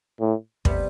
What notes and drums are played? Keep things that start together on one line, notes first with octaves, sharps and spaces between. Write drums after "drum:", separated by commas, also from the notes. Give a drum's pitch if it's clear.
A2
C3 G3 B3, drum: kick